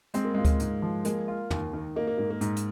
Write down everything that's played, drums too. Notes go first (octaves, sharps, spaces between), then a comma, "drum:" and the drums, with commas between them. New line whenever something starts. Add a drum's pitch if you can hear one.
G#3 C4, drum: hi-hat
A#3
G#3 F4
drum: kick D2, hi-hat
G#2, drum: hi-hat
F3
G#3 A#3, drum: hi-hat
F4
D#2, drum: tom
D#3
A#3 D#4
A#3
G#2 A#3
A#3
G#2, drum: hi-hat
drum: hi-hat